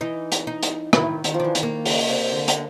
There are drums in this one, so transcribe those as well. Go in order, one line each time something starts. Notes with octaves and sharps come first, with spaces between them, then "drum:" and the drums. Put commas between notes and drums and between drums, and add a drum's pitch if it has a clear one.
E3 D#4
drum: hi-hat
D#4
drum: hi-hat
D#3 E4, drum: rim click
D#3, drum: hi-hat
F3
E3 D4
D#3, drum: hi-hat
A#3
C#3, drum: open hi-hat
C3
D3
drum: hi-hat